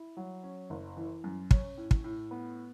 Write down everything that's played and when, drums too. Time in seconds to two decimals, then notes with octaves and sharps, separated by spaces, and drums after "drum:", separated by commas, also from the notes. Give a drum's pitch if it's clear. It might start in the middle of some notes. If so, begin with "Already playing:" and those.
Already playing: E4
0.17 F#3
0.44 C#4
0.70 F#1
0.97 E3
1.24 F#2
1.51 C#4, drum: kick
1.77 A2
1.91 drum: kick
2.04 A2
2.31 B3